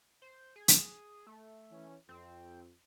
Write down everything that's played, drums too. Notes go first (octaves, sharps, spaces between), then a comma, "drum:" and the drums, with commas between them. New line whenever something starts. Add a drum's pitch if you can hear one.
C5
G#4
drum: hi-hat
A3
E3 C#4
F2 C4